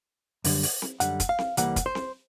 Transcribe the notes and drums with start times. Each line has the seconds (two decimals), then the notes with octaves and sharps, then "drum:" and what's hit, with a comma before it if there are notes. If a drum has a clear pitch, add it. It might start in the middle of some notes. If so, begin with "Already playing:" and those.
0.44 F#2 D3 G3, drum: open hi-hat
0.63 drum: open hi-hat
0.82 drum: snare C4
1.00 F#2 D3 G3 F#5, drum: hi-hat
1.20 drum: kick, hi-hat
1.29 F5
1.39 drum: snare C4
1.57 C2 C3 E3 G3 A#3 F#5, drum: hi-hat
1.76 drum: kick, hi-hat
1.86 C5
1.95 drum: snare C4